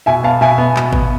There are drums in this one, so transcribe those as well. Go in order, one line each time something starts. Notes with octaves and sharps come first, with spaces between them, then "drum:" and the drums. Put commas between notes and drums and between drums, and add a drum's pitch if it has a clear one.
B2 E5 G#5
B3 F5 A5
B2 E5 G#5
B3
B2, drum: clap
B3, drum: kick G#1